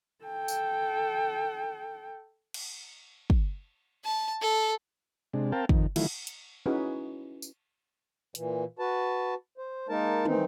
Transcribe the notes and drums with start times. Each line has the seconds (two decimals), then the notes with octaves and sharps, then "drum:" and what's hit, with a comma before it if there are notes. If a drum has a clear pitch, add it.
0.25 A4 G5
0.48 drum: tambourine
2.54 drum: cymbal
3.30 drum: kick
4.04 A5
4.42 A4
5.34 C3 G#3 D4
5.52 C4 A#4 F5 G5 A5
5.69 F2 D#3, drum: kick
5.96 D#3 E3 F#3 A3 E4 F4, drum: cymbal
6.27 drum: hi-hat
6.66 C#4 D#4 E4 F#4 G#4 B4
7.42 drum: tambourine
8.35 A#2 E3, drum: hi-hat
8.79 F#4 B4 A5
9.58 C5
9.89 G#3 A#3 D#4 A#4 A5
10.25 D#3 E3 C4 D#4, drum: tom